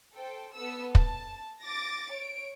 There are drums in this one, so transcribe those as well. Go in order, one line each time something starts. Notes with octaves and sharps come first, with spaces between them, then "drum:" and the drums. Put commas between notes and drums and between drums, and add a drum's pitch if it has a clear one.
A4 C5 G5
B3 A4 E6
A5, drum: kick
D6 A6 A#6
C#5 D7